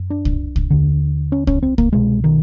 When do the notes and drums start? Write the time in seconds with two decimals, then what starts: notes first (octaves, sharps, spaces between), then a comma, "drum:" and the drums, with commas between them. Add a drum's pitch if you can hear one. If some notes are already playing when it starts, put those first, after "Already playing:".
Already playing: F#2
0.10 D4
0.25 drum: kick C2
0.56 drum: kick C2
0.70 D#2 D3
1.32 C#4
1.47 C#4, drum: kick C2
1.62 C4
1.78 A#3, drum: kick C2
1.93 C2 B2 G#3
2.24 D#3